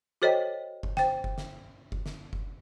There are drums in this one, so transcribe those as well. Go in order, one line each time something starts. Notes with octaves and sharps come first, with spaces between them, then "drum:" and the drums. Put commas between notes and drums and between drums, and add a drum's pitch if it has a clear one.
F#4 A4 C5 C#5 D#5 G5
drum: kick F#1
C5 G5, drum: snare
drum: kick F#1
drum: snare
drum: kick F#1
drum: snare
drum: kick F#1